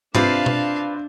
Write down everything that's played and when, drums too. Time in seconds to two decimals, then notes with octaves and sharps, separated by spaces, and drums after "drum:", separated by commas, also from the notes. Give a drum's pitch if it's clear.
0.15 C3 C4 D4 F4 B4 D5 F5 A5, drum: tom G#2
0.46 drum: tom B2